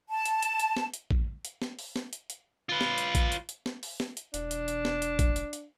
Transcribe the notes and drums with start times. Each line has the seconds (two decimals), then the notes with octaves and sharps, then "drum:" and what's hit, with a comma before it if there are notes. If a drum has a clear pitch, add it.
0.09 A5
0.25 drum: hi-hat
0.42 drum: hi-hat
0.59 drum: hi-hat
0.77 drum: snare
0.94 drum: hi-hat
1.11 drum: kick A1
1.45 drum: hi-hat
1.62 drum: snare
1.79 drum: open hi-hat
1.96 drum: snare
2.13 drum: hi-hat
2.30 drum: hi-hat
2.69 F4 B4
2.81 drum: snare
2.98 drum: hi-hat
3.15 drum: kick A1, hi-hat
3.32 drum: hi-hat
3.49 drum: hi-hat
3.66 drum: snare
3.83 drum: open hi-hat
4.00 drum: snare
4.17 drum: hi-hat
4.34 E1 D4, drum: hi-hat
4.51 drum: hi-hat
4.68 drum: hi-hat
4.85 drum: snare
5.02 drum: hi-hat
5.19 drum: kick A1, hi-hat
5.36 drum: hi-hat
5.53 drum: hi-hat